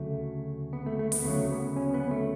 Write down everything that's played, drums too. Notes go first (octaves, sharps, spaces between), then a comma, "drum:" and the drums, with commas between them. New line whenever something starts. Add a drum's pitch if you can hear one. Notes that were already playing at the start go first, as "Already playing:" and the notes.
Already playing: D2 C#3 F#3 A3
B3
A3
A3
B3, drum: open hi-hat
D2 C#3 F#3 A3
B3
C#4
B3
A3